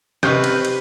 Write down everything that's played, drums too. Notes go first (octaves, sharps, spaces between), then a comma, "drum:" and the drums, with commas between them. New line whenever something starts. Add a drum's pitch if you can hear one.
C3 D#3 C4 G4 B4 D#5 C#6 G6, drum: rim click
drum: cymbal
drum: cymbal